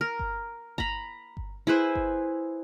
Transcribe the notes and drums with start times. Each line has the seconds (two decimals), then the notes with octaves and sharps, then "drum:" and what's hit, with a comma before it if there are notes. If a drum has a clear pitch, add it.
0.01 A#4
0.19 drum: kick G1
0.78 A#5 B5, drum: kick G1
1.37 drum: kick G1
1.67 E4 G#4 B4 C5
1.95 drum: kick G1